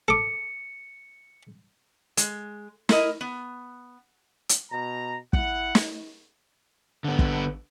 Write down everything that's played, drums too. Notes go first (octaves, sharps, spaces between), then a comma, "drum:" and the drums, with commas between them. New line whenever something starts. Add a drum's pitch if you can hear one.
A4 D6 C#7
G#3, drum: hi-hat
E4 A#4 D#5, drum: snare
B3
drum: hi-hat
B2 A#5
E4 F#5, drum: kick
drum: snare
D3 B3
drum: kick